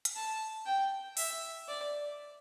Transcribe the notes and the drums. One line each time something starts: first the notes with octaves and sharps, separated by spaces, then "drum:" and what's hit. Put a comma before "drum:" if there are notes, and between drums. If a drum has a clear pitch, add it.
drum: hi-hat
A5
G5
E5, drum: open hi-hat
D5